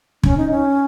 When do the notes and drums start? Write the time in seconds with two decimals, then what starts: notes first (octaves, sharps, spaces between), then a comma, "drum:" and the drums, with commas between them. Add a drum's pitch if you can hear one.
0.23 C#4, drum: kick
0.37 D#4
0.51 C#4